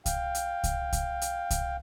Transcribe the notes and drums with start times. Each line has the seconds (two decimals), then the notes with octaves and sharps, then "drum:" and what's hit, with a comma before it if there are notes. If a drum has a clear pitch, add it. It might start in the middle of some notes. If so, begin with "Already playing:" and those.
0.06 F5 G5, drum: kick C2, hi-hat
0.35 drum: hi-hat
0.64 drum: kick C2, hi-hat
0.93 drum: kick C2, hi-hat
1.22 drum: hi-hat
1.50 drum: kick C2, hi-hat